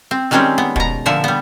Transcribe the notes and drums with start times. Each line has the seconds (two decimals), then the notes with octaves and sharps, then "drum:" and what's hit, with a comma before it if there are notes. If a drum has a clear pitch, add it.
0.11 C4
0.31 D#3 G3 G#3 C4 C#4 G4
0.58 B3
0.76 B2 A#5, drum: kick
1.06 A#2 D3 F3 E5
1.24 G3 B3